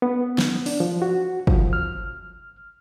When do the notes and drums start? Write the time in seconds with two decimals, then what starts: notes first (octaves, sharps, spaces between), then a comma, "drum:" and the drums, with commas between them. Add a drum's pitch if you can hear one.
0.02 B3
0.38 drum: snare
0.66 D4, drum: open hi-hat
0.80 F3
1.02 F#4
1.47 F3, drum: kick
1.73 F6